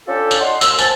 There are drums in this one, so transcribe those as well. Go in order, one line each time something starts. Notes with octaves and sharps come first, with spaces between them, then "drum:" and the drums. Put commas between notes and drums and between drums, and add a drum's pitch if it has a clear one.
C#4 D4 F4 G4 A4
drum: tambourine
D5 D#5 F#5 C6
D#2 E6, drum: tambourine
C5 F#5 G#5 A5, drum: tambourine